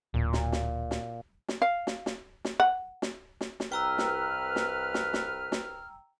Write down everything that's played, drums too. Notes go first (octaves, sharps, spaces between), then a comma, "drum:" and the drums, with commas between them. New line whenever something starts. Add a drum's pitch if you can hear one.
D1 A#2
drum: snare
drum: snare
drum: snare
drum: snare
F5
drum: snare
drum: snare
drum: snare
F#5
drum: snare
drum: snare
drum: snare
C2 B4 G5 A#5 E6 F6
drum: snare
drum: snare
drum: snare
drum: snare
drum: snare